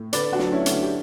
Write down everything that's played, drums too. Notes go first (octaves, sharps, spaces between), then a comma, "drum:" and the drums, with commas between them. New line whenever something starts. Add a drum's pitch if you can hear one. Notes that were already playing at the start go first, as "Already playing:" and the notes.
Already playing: A2
D3 B4 D5, drum: hi-hat
D4 F#4
F#3, drum: snare
C#4 E4
D3, drum: hi-hat
D4 F#4
G4